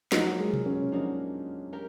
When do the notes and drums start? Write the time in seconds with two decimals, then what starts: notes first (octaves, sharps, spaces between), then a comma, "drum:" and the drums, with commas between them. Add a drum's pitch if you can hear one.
0.12 F3 F#3 A#3 D#4 F#4, drum: snare
0.39 G#3
0.54 drum: tom B2
0.66 C#4
0.92 F3 A#3 D4 D#4 F#4
1.73 G4 A#4